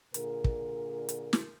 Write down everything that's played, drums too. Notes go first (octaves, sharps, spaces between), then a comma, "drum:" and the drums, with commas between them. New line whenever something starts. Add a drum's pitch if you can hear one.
A#2 D3 G#4 A#4, drum: hi-hat
drum: kick
drum: hi-hat
drum: snare